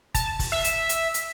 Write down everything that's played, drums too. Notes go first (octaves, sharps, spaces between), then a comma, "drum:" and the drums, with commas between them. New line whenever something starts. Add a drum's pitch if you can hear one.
A5, drum: kick F#1, hi-hat
drum: kick F#1, open hi-hat
E5
drum: hi-hat
drum: hi-hat
drum: hi-hat